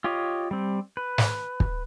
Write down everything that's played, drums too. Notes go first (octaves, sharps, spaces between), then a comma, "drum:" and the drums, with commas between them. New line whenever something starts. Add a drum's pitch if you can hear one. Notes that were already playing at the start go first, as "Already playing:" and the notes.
F4 G4 C#5 D#5
G3 C4
B4
drum: snare
drum: kick